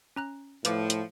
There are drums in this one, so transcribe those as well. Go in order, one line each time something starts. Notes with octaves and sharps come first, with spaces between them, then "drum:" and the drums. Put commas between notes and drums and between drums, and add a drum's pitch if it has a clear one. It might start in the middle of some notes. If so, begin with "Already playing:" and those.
C#4 A#5 F#6
A2 F3 B4 D6, drum: hi-hat
drum: hi-hat